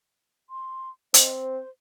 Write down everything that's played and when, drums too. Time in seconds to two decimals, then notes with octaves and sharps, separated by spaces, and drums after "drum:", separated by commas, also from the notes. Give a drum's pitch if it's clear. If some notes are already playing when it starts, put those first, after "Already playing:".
0.50 C6
1.14 C4 D#5, drum: hi-hat
1.41 C5